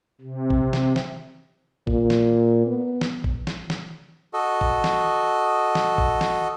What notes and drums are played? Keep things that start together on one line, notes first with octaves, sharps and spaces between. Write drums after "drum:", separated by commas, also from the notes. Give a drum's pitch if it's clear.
C3
drum: kick
drum: snare
drum: snare
A#2, drum: kick
drum: snare
B3
drum: snare
drum: kick
drum: snare
drum: snare
F#4 A4 D#5
drum: kick
drum: snare
drum: snare
drum: kick
drum: snare